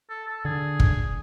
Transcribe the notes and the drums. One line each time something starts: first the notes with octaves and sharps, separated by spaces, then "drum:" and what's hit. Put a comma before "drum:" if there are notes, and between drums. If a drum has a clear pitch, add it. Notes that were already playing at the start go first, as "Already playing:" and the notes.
A4
A4
D3 G#4
drum: kick